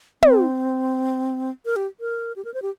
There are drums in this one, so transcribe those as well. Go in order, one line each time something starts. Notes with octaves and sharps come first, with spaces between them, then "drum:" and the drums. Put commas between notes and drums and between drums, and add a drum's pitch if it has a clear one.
C4, drum: tom
A#4
G4
A#4
G4
A#4
C5
G4